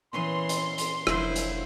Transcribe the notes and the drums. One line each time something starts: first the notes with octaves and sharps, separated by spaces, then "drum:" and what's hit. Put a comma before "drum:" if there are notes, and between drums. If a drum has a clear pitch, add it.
A#2 E3 B3 C#4 C6
drum: hi-hat
drum: hi-hat
F1 D3 F3 F#3 E4 C5, drum: rim click
drum: hi-hat